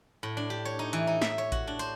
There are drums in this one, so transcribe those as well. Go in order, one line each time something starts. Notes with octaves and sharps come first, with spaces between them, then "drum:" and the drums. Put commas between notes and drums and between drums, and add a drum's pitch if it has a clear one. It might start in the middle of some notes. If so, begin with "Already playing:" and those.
A2
D4
G4
C#5
D#4
E3, drum: hi-hat
D#4
E5, drum: snare
C#5
F#4, drum: kick A1, hi-hat
D4
C5, drum: hi-hat